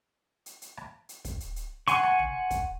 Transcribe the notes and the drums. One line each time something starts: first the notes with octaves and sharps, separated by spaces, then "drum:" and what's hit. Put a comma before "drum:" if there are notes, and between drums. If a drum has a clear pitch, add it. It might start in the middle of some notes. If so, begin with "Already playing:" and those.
drum: hi-hat
drum: hi-hat
drum: rim click
drum: hi-hat
drum: kick, hi-hat
drum: hi-hat
drum: hi-hat
F#5 G#5 C6 C#6, drum: hi-hat
drum: rim click
drum: tom
drum: kick, hi-hat